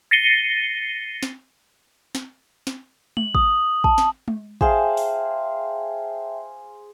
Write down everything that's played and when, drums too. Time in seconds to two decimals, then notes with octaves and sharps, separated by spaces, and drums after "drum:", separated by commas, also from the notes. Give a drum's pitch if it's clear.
0.11 A6 A#6 C7 C#7 D#7 G7
1.23 drum: snare
2.15 drum: snare
2.67 drum: snare
3.17 F#7, drum: tom G#3
3.35 D#6, drum: kick
3.84 A5, drum: kick
3.98 drum: snare
4.28 drum: tom G#3
4.61 G#4 C5 E5 F5 G5 A5, drum: kick
4.97 drum: open hi-hat